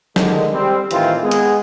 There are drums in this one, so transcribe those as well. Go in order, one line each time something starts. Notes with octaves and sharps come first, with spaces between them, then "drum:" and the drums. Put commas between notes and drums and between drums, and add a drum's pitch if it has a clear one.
D3 D#3 G#3, drum: snare
G3 C4
A2 D#3 E3 C4 F4, drum: hi-hat
G#3 B3 G#4
drum: hi-hat